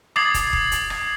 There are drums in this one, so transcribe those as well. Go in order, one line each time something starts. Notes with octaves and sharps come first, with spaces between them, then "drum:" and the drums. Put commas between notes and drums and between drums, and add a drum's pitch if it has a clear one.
D6 D#6 G#6 A6 C7 F#7, drum: rim click
drum: kick, hi-hat
drum: kick
drum: hi-hat
drum: rim click